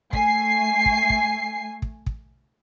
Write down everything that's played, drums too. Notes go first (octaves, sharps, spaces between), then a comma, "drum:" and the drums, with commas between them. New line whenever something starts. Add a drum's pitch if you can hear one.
A3 G#5 C7, drum: kick
drum: kick
drum: kick
drum: kick
drum: kick